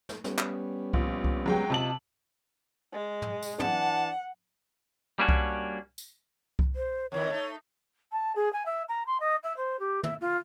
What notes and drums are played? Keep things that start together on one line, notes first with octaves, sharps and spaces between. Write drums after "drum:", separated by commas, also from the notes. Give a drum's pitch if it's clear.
drum: snare
G3 B3 C#4, drum: snare
drum: clap
A#1, drum: kick C2
drum: kick C2
F#3 G#3 G5
C3 F4 D#5 A5 F#7
G#3
drum: tom
drum: tambourine
E3 D4 F#5 A5, drum: tom
G3 A#3 C#4 D4 F#4
drum: kick C2
drum: tambourine
drum: kick C2
C5
E2 D#3 E3 C#5
A3 D#4
A5
G#4
G#5
E5
A#5
C6
D#5
E5
C5
G4
E5, drum: tom
F4